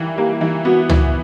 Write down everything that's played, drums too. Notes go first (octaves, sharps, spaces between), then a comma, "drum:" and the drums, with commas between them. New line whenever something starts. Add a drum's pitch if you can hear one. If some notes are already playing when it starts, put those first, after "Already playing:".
Already playing: E3 G3 A#3
A#3 G4
E3
B3 F#4
E3, drum: tom